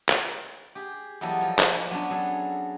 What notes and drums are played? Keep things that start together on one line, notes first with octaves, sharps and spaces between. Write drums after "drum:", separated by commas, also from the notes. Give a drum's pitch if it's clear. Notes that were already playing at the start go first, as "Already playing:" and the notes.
drum: clap
G4 G#4
E2 F#3 G3 A#3 A4 D#5
F3
drum: clap
D5
F#3 B3 C#4 D4
F#3 G#4 A4